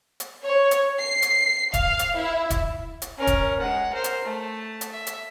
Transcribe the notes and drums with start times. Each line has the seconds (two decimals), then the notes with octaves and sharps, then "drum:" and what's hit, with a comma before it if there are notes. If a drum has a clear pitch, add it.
0.20 drum: hi-hat
0.46 C#5
0.71 drum: hi-hat
1.01 C7
1.22 drum: hi-hat
1.74 F5, drum: kick D#1, hi-hat
1.99 drum: hi-hat
2.20 E4
2.50 drum: kick D#1, hi-hat
3.02 drum: hi-hat
3.18 C#4 A#4
3.27 drum: kick D#1, hi-hat
3.60 G#3 F#5
3.93 A#4 C5
4.04 drum: hi-hat
4.24 A3 A5
4.81 drum: hi-hat
4.91 E5
5.07 drum: hi-hat